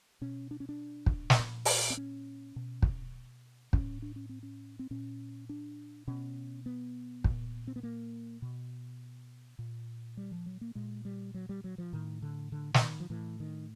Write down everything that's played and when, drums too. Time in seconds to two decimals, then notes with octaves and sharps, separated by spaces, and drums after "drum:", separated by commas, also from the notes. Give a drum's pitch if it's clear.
0.21 B2 C#4
0.51 D4
0.60 C#4
0.69 D4
1.06 drum: kick
1.30 drum: snare
1.39 A#2
1.65 drum: open hi-hat
1.90 C4
1.97 C#4
2.56 B2
2.82 drum: kick
3.73 A2 C#4, drum: kick
4.02 D4
4.16 C#4
4.29 C4
4.43 C#4
4.79 C4
4.91 A#2 C#4
5.49 D4
6.07 B2 C#4
6.66 B3
7.24 A#2, drum: kick
7.67 C4
7.76 B3
7.83 A#3
8.42 B2
9.59 A#2
10.17 G3
10.32 F3
10.46 F#3
10.61 A#3
10.75 A#2 G#3
11.05 G3
11.34 F#3
11.49 G3
11.64 F#3
11.78 F3
11.93 A2 D#3
12.22 D3
12.52 D3
12.74 E3, drum: snare
12.81 D#3
13.00 F3
13.10 A2 E3
13.40 D#3